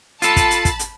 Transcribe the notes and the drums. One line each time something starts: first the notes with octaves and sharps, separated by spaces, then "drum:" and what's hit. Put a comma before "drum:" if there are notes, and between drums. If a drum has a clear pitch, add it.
F4 A4 A5 B5, drum: hi-hat
drum: kick, hi-hat
drum: hi-hat
drum: kick, hi-hat
drum: hi-hat